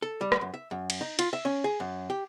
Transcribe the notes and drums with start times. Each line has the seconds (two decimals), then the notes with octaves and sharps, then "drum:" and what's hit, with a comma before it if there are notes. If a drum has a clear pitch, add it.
0.02 A4
0.21 G3
0.32 drum: rim click
0.41 F#2
0.54 E5
0.71 F#2
0.90 drum: cymbal
1.01 D#4
1.19 F4, drum: cymbal
1.33 E5
1.45 C#4
1.64 G#4
1.80 F#2
2.10 G4